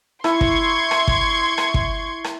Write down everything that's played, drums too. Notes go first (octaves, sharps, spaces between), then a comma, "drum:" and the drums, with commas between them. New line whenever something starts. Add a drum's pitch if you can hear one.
E4 C6 C#6 G#6, drum: rim click
drum: kick
drum: rim click
drum: kick
drum: rim click
drum: kick
drum: rim click